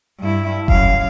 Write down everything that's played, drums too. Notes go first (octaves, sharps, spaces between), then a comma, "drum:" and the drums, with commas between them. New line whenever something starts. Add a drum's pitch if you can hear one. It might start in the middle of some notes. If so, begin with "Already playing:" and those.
G2 E4
F#2 F5, drum: kick F1